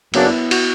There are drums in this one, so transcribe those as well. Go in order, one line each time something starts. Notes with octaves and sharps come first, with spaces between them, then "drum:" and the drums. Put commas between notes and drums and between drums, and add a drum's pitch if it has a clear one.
F#2 C#3 F#3 A#3 B3 D4, drum: cymbal
E4
F#4, drum: cymbal